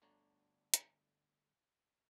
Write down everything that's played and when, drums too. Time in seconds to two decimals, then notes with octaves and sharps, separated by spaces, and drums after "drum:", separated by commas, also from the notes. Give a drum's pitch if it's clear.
0.02 G1 D2 D3 D4 C#5 A#5
0.74 drum: hi-hat